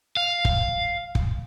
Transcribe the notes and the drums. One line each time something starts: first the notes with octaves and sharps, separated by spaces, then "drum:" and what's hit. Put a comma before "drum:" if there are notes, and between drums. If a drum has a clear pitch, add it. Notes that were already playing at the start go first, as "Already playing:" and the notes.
F5
drum: kick
drum: kick